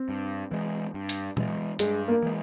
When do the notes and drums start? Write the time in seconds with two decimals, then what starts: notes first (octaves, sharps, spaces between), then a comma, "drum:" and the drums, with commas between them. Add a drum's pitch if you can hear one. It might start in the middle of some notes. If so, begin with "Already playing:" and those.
Already playing: C4
0.09 G2
0.51 E3 G#3
0.94 G2
1.09 drum: hi-hat
1.37 E3 G#3, drum: tom
1.79 G2 G#3, drum: hi-hat
2.08 A#3
2.23 E3 G#3